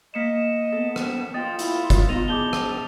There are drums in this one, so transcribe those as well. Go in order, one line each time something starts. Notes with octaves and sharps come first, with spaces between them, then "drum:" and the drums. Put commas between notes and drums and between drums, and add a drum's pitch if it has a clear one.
A#3 D#5 D#6 B6 C#7 E7
B3 A4
drum: rim click
F4 D#5 G5 D#6 A6
E4, drum: hi-hat
drum: kick F#1, hi-hat
B2 B3 D#4 D#5 F7
G#4 A5 D6 G6 G7
drum: rim click